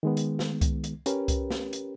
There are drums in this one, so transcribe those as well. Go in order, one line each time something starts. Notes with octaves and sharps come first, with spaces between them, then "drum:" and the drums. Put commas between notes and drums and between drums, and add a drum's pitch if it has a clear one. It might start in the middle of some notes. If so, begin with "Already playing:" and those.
D#3 G#3 B3
drum: hi-hat
drum: snare
drum: kick C2, hi-hat
drum: hi-hat
C#4 G4 A#4 B4, drum: hi-hat
drum: kick C2, hi-hat
drum: snare
drum: hi-hat